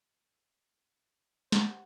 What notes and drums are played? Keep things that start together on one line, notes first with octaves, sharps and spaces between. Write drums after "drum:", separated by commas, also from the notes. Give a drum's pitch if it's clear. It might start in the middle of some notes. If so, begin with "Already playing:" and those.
G4 C5 F#5, drum: snare